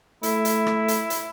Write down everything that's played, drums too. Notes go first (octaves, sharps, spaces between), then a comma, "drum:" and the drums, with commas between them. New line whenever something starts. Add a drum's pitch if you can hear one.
A3 E4, drum: hi-hat
drum: hi-hat
drum: rim click
drum: hi-hat
drum: hi-hat